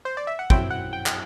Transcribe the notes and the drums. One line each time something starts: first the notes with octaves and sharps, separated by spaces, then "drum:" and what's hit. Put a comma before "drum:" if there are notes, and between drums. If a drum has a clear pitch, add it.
C5
D5
E5
F#5
F#2 F#3 C4 E4 G5, drum: kick
F#5
G5
drum: clap